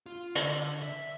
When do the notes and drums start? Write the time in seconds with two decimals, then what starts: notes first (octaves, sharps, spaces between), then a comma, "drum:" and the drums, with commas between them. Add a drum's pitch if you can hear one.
0.06 F4
0.35 D3, drum: hi-hat
0.82 E5